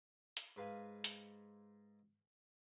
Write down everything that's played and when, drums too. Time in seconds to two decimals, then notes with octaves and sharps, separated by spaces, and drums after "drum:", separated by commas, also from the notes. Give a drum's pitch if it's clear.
0.37 drum: hi-hat
0.56 G#2 B4 F5 G#5
1.04 drum: hi-hat